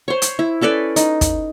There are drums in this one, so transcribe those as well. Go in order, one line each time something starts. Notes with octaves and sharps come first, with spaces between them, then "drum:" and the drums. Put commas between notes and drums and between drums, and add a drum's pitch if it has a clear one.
C5 C#5
drum: hi-hat
E4
C#4 A4 B4 D5
D#4, drum: hi-hat
drum: kick, hi-hat